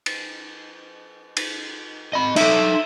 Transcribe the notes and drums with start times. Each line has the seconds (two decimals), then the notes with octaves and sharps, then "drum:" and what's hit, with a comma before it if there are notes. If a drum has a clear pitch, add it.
0.06 drum: cymbal
1.37 drum: cymbal
2.13 D#5 B5
2.36 D#4 A4 E5, drum: cymbal